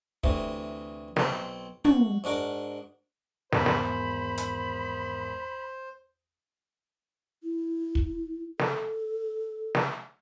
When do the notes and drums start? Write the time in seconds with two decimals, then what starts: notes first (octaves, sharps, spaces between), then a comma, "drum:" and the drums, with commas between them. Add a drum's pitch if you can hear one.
0.24 D2 C3 E3, drum: kick
1.16 B1 C4, drum: snare
1.85 F#4, drum: tom
2.24 G#2 D4 F#4 A#4 D6
3.52 G#1 E2 C5 B5, drum: snare
3.66 drum: snare
4.38 drum: hi-hat
7.43 E4
7.95 drum: kick
8.59 A4, drum: snare
9.75 drum: snare